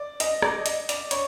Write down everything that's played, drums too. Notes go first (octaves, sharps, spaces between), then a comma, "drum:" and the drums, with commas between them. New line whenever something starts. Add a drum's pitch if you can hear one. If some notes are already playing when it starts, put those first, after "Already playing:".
Already playing: D5
D#5, drum: hi-hat
D5, drum: rim click
D#5, drum: hi-hat
D5, drum: hi-hat
C#5, drum: hi-hat